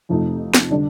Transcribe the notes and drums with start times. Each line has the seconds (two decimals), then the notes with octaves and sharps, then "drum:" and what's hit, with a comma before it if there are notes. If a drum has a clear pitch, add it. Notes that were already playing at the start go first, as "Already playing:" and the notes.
0.09 F2 C3 F3 A3 D#4
0.54 drum: snare
0.70 D3 G3 D4 A4